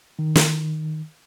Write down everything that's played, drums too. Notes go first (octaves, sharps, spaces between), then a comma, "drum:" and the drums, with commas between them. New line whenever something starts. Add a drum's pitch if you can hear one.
D#3
drum: snare